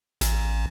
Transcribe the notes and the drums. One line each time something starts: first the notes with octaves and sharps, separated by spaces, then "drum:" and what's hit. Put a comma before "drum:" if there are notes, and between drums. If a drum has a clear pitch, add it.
A1, drum: hi-hat